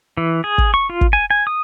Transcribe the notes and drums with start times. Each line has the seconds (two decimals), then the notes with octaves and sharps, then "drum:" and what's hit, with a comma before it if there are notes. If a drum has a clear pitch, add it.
0.17 E3
0.44 G#4
0.58 drum: kick
0.74 C#6
0.90 F4
1.01 drum: kick
1.13 G#5
1.31 G#5
1.47 D#6